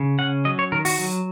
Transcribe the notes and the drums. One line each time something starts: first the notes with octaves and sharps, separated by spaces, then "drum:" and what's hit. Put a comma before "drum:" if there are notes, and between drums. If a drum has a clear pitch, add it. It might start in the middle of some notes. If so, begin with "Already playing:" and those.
Already playing: C#3
C#4 F#5
F#3 D#5
C#5
D#3 A#4
F#4, drum: open hi-hat
F#3